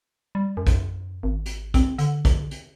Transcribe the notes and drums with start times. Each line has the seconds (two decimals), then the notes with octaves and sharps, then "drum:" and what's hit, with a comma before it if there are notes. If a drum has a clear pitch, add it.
0.35 G3
0.57 F#2
0.67 drum: kick, hi-hat
1.23 G#1
1.46 drum: hi-hat
1.74 C4, drum: kick, hi-hat
1.98 D3, drum: hi-hat
2.25 drum: kick, hi-hat
2.51 drum: hi-hat